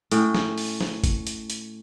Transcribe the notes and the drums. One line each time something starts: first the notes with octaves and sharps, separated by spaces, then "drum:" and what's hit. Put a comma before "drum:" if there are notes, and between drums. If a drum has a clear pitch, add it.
A2 C#4 G5, drum: hi-hat
drum: snare
drum: open hi-hat
drum: snare
drum: kick G1, hi-hat
drum: hi-hat
drum: hi-hat